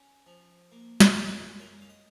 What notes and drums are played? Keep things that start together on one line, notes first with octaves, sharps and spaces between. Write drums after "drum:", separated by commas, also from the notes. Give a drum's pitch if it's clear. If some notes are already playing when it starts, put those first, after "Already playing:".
Already playing: C#4
F3
A#3
drum: snare
F#2
C#4 A#4
F5
D#5